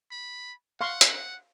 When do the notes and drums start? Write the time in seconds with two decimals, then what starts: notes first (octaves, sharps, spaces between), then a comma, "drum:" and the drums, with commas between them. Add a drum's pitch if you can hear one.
0.11 B5
0.81 F5 F#5 C6 C#6
1.01 drum: hi-hat